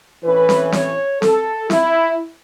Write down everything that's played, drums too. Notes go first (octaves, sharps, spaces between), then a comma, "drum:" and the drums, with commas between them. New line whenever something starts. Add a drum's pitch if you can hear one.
A2 E3 C#4 B4
drum: snare C4
C#5, drum: snare C4
A4, drum: snare C4
E4, drum: snare C4